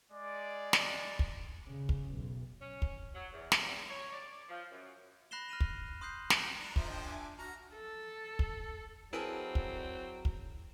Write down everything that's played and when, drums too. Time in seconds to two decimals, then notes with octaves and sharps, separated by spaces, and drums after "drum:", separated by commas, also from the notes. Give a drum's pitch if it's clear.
0.12 G#3 D5
0.73 drum: snare
1.19 drum: kick
1.68 C#3
1.89 drum: kick
2.12 B1
2.62 C#4
2.82 drum: kick
3.15 F#3
3.33 E2
3.52 drum: snare
3.68 E2
3.89 C#5
4.13 D5
4.49 F3
4.71 F#2
5.31 B5 F#6 A#6 C7 E7 G7
5.49 F6 A#6 D#7 F7
5.61 drum: kick
6.01 C6 D#6 F#6 G6 C7
6.30 drum: snare
6.60 D4 D5 A#5
6.76 D3 F3 C5 E5, drum: kick
6.88 D4 D#5 G5
7.04 E5 G#5 D6
7.39 F#4 A#5 F6
7.74 A4
8.39 drum: kick
9.13 F#3 C4 E4 G#4 A#4 B4 E5 A5
9.55 drum: kick
10.25 drum: kick